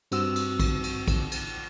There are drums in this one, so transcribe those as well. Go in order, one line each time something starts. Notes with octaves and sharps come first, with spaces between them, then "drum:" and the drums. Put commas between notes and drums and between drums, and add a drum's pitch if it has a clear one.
G2 C4 F#4 E6, drum: cymbal
drum: cymbal
drum: kick, cymbal
drum: cymbal
drum: kick, cymbal
drum: cymbal